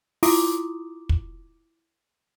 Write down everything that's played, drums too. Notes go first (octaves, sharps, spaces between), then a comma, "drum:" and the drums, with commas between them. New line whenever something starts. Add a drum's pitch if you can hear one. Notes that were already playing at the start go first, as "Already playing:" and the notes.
E4 F4 A#5 C6 D6 D#6, drum: open hi-hat
drum: kick